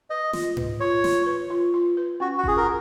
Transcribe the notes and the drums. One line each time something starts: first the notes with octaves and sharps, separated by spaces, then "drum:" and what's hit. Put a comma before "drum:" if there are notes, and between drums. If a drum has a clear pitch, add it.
B4 D#5
F4, drum: snare
B4, drum: tom G#2
F4 C#5
F4, drum: snare
B4
F4
F4
B4
C#4 F#4
F#4
F4 G#4, drum: kick F#1
A#4